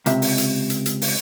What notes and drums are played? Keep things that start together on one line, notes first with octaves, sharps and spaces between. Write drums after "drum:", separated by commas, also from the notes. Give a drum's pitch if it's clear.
C#2 C3 E5, drum: hi-hat
drum: open hi-hat
drum: hi-hat
drum: hi-hat
drum: hi-hat
drum: open hi-hat